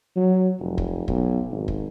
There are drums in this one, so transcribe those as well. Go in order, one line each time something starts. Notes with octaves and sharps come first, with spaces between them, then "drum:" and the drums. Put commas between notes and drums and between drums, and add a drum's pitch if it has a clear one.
F#3
F1
drum: kick
B1, drum: kick
G#1
drum: kick